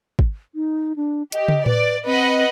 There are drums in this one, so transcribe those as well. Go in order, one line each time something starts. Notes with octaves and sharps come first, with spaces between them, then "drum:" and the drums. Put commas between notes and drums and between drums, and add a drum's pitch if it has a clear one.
drum: kick
D#4
D4
G4 D#5, drum: hi-hat
drum: tom
B4 D5, drum: tom A2
C4 B4 D#5 F#5